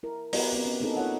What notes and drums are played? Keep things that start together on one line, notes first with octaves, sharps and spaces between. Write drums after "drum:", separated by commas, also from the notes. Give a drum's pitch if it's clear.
E4 A#4
B3 E4 F#4 G4 A#4 B4, drum: open hi-hat
B3 C4 B4
C#4
A#3 C4 D4 D#4 G#4 A4
D#4 F4 C#5 F#5